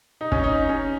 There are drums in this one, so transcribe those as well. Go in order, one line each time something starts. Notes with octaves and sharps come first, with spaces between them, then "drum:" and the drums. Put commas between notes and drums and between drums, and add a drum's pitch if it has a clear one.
D#4
C#4, drum: kick
D#4
C#4